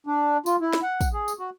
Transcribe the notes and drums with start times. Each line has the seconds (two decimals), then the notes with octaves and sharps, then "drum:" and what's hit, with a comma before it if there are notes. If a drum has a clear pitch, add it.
0.07 D4
0.46 F4, drum: tambourine
0.61 E4
0.73 drum: snare
0.83 F#5
1.01 drum: kick, tambourine
1.13 G#4
1.28 drum: tambourine
1.39 F#4